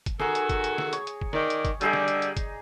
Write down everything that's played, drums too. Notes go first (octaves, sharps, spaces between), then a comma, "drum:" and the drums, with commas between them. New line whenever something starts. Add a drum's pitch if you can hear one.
drum: kick, hi-hat
D#3 F#4 G#4 A4 G#5 A#5, drum: snare
drum: hi-hat
drum: kick, hi-hat
drum: hi-hat
drum: snare
C#5, drum: hi-hat
drum: hi-hat
drum: kick
D#3 D5, drum: snare
drum: hi-hat
drum: kick, hi-hat
D3 G3 D#4 G#4 D5, drum: hi-hat
drum: snare
drum: hi-hat
drum: hi-hat
drum: kick, hi-hat